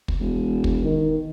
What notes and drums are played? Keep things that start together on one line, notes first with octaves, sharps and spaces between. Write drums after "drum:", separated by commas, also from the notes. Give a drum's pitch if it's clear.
drum: kick
E1
drum: kick
D#3